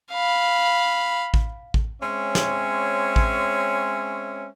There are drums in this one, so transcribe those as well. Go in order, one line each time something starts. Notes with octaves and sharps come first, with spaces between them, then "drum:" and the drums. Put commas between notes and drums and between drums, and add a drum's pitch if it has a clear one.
F5 B5
drum: kick A1
drum: kick A1
G#3 C4 C#4 C#5 E5
drum: snare
drum: kick A1